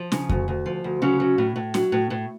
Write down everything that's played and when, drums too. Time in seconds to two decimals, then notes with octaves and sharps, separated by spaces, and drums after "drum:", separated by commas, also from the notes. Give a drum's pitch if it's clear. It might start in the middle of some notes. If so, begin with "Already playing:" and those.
Already playing: F3
0.12 C#3, drum: snare
0.29 D2, drum: kick F2
0.48 D2
0.66 F3
0.84 D2
1.02 C#3 F#3 C#4
1.20 F#3
1.38 A2
1.56 A2
1.74 F#3, drum: snare
1.92 A2
2.10 A2